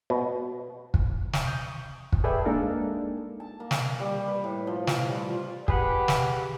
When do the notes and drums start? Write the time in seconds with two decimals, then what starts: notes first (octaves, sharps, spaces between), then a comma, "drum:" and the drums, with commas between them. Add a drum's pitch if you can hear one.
0.10 B2
0.94 drum: kick
1.33 drum: snare
1.45 C#6 D#6 G6
2.12 drum: kick
2.24 G#4 A4 B4 D5 E5 G5
2.45 G#3 A#3 D4 D#4 A4 A#4
3.40 A5
3.60 A#3
3.71 drum: snare
4.00 G3
4.28 B4
4.44 A2
4.67 F3
4.87 F4, drum: snare
5.10 G3
5.29 F4
5.68 G4 G#4 B4 F#5, drum: kick
6.08 drum: snare